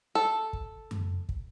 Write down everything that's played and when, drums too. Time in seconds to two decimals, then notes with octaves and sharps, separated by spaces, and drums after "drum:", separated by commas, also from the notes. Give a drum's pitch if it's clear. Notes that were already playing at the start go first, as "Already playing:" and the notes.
0.15 A4
0.53 drum: kick
0.91 drum: tom F#2
1.29 drum: kick